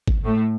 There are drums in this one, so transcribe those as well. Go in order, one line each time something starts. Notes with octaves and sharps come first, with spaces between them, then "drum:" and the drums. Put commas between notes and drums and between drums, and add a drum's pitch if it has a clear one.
drum: kick G#1
A2 A3